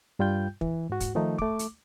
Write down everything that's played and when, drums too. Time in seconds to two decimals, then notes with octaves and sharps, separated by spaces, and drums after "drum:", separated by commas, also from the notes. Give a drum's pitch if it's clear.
0.19 G2 G3 F4 G5 G6
0.61 E3, drum: kick
0.90 G#2 F#4
1.00 drum: kick, hi-hat
1.15 D#3 F3 A3 D#4
1.38 A3 D6, drum: kick
1.59 drum: hi-hat